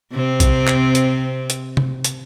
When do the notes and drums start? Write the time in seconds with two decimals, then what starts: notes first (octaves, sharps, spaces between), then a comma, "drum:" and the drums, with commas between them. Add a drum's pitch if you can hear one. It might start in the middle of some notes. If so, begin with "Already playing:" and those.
0.13 C3 C4
0.40 drum: kick, hi-hat
0.68 drum: clap
0.95 drum: hi-hat
1.50 drum: hi-hat
1.77 drum: tom
2.04 drum: hi-hat